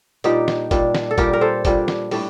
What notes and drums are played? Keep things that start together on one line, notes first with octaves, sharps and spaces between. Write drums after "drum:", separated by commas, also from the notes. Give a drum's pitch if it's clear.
A#2 G3 D4 D#4 G4, drum: hi-hat
drum: snare
A#2 G3 D4, drum: kick, hi-hat
drum: snare
A4
A#2 G3 D4 G4 A#4, drum: kick, hi-hat
A#4
A4 C5
A#2 G3 D4, drum: kick, hi-hat
drum: snare
A2 G3 D4, drum: open hi-hat